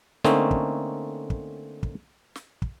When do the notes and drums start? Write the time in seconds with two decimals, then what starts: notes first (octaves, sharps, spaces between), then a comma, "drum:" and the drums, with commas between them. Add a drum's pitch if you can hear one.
0.24 D3 A3 A#3 C4 C#4 D#4, drum: snare
0.51 drum: kick
1.30 drum: kick
1.83 drum: kick
2.35 drum: snare
2.62 drum: kick